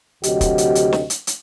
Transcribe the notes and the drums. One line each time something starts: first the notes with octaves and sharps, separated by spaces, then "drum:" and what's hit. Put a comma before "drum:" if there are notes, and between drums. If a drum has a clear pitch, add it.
D2 C3 F#3 F#4 G4 D#5, drum: hi-hat
drum: kick, hi-hat
drum: hi-hat
drum: hi-hat
drum: snare
drum: hi-hat
drum: hi-hat